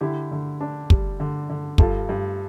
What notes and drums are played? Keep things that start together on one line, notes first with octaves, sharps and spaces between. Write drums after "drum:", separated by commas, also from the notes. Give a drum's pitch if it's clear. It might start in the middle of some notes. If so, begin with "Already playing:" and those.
D3 E4 G4
D3
D4
G3, drum: kick
D3
D3
G2 F4 A4, drum: kick
G2